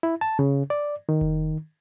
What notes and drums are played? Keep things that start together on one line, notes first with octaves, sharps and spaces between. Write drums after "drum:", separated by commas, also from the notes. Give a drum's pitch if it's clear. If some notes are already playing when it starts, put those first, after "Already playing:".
E4
A5
C#3
D5
D#3
drum: kick F1